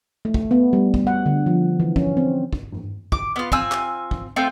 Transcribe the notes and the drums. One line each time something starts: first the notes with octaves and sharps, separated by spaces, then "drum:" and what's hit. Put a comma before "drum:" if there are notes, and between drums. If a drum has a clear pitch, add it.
A3
drum: kick
B3
G3
drum: kick
F#5
D3
F3
E3
C#4, drum: kick
C4
drum: kick
drum: tom G2
D6, drum: kick
B3 F4
C4 F4 G#5 E6, drum: kick
drum: clap
drum: kick
A3 C4 F4 G5